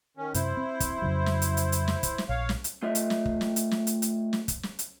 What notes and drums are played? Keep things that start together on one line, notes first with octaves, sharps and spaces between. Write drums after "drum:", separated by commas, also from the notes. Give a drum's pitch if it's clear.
D#3 C#4
F#2 C3 C4 E4 C5, drum: hi-hat
C4
drum: kick, hi-hat
F2 C#3 F#3
drum: snare
drum: hi-hat
drum: hi-hat
drum: hi-hat
drum: snare
drum: kick, hi-hat
drum: snare
A#1 C#5 F5
drum: snare
drum: hi-hat
A3 F4 D#5 E5
drum: hi-hat
drum: snare
drum: kick
drum: snare
drum: hi-hat
drum: snare
drum: hi-hat
drum: hi-hat
drum: snare
drum: kick, hi-hat
drum: snare
drum: hi-hat